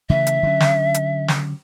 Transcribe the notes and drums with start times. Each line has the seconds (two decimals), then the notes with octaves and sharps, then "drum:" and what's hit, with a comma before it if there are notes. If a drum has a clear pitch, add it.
0.10 C#3 E3 A3 E5
0.27 drum: hi-hat
0.43 D3 F#3 C#4
0.60 drum: snare
0.94 drum: hi-hat
1.28 drum: snare